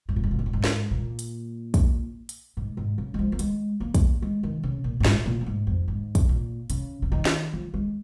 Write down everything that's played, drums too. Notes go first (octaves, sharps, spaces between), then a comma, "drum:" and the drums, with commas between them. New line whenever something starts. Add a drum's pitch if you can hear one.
G#2
A#2
G#2
A#2
G#2
A#2
G#2
drum: snare
A#2
drum: hi-hat
drum: kick, hi-hat
drum: hi-hat
G#2
G#2
C#3
G#3
F3
A#3
G#3, drum: hi-hat
A#3
drum: kick, hi-hat
G#3
D#3
C#3
A#2
G#2
A#2, drum: snare
A#2
A#2
G#2
F2
G#2
drum: kick, hi-hat
A#2
C#3, drum: hi-hat
C#3
D#3
drum: snare
F3
G#3